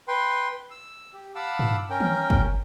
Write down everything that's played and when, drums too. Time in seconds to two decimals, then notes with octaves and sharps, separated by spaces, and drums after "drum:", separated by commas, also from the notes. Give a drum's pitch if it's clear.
0.08 B4 G5 C6
0.71 E6
1.13 G4
1.35 F5 F#5 A5 B5 D6 E6
1.59 drum: tom G2
1.90 C#4 A#4 G5
2.00 drum: tom D#3
2.30 drum: kick